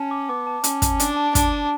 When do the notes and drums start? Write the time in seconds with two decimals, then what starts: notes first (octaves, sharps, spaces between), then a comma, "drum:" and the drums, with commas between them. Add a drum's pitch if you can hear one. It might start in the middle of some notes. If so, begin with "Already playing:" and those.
Already playing: C#4 A5
0.11 D6
0.29 B3 D6
0.47 A5
0.64 C#4 A5, drum: hi-hat
0.82 A5, drum: kick, hi-hat
1.00 D4 D6, drum: hi-hat
1.17 A5
1.35 D4 A5, drum: kick, hi-hat
1.53 A5